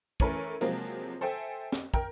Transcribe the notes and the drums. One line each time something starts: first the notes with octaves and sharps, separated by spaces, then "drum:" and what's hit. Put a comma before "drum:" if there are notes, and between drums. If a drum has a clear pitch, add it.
E3 A3 C#4 A#4 B4, drum: kick
C3 F3 F#3 G#3 A#3 C4, drum: hi-hat
A4 C5 E5 G5 G#5
drum: snare
A#4 G5, drum: kick